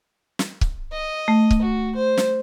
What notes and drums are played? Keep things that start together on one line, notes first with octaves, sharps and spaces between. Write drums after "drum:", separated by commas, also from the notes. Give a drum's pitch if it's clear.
drum: snare
drum: kick C#1
D#5
A3
drum: kick C#1
F#4
C5
drum: snare